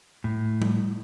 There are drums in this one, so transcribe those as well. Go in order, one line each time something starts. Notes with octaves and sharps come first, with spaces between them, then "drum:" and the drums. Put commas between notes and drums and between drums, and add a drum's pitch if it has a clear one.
A2
drum: tom G3